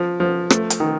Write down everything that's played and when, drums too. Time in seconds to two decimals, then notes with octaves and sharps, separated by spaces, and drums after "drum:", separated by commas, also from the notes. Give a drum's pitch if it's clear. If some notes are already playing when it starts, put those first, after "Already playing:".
Already playing: F3
0.20 F3
0.50 A3, drum: rim click
0.70 drum: hi-hat
0.80 D#3